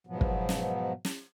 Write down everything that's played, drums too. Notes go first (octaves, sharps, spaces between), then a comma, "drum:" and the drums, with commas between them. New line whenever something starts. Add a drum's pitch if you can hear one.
G#2 B2 F3 F#3 B3
drum: kick
drum: snare
drum: snare